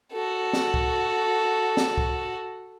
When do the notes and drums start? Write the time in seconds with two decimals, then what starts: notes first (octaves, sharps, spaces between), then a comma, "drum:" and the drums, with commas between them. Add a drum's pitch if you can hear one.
0.12 F#4 A4
0.53 drum: snare
0.74 drum: kick C2
1.77 drum: snare
1.98 drum: kick C2